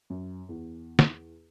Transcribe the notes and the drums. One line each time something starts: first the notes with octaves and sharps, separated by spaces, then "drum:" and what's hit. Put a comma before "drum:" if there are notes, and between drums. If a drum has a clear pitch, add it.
F#2
E2
drum: snare